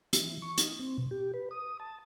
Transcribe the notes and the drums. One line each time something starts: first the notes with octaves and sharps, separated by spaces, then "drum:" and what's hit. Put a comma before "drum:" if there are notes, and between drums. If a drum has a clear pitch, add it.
E3, drum: hi-hat
C#6
D#4, drum: hi-hat
C4
B2
G4
B4
D#6
A5